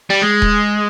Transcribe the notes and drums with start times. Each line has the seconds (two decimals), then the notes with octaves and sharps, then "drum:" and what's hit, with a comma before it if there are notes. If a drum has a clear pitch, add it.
0.10 G3
0.22 G#3
0.42 drum: kick D#1